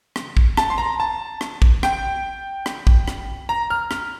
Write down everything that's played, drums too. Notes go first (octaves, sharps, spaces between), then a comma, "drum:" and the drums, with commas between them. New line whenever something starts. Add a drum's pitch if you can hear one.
drum: rim click
drum: kick
A5, drum: rim click
C6
A#5
A5
drum: rim click
drum: kick
G5, drum: rim click
drum: rim click
drum: kick
drum: rim click
A#5
F6
F6, drum: rim click